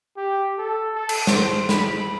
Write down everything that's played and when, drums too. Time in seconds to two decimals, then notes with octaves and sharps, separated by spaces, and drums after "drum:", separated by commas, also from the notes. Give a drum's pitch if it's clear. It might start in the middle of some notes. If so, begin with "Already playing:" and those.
0.17 G4
0.58 A4
0.95 A4
1.09 drum: cymbal
1.27 C5, drum: snare
1.69 B5, drum: snare